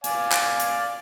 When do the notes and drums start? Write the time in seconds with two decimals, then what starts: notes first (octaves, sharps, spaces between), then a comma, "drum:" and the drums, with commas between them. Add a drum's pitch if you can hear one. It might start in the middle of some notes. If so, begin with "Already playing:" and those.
0.04 D5 F5 G#5, drum: hi-hat
0.32 drum: clap
0.60 drum: hi-hat